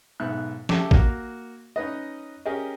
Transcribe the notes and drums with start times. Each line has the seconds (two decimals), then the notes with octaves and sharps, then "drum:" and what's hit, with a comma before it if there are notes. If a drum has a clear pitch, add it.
0.20 B1 G#2 B3 E5 F#6
0.69 C#3 A3 G4 A4 A5 D6, drum: snare F3
0.91 A#3 F#4, drum: kick
1.76 C#4 D#4 B4 D#5
2.46 C#4 G4 G#4 A#4 D#5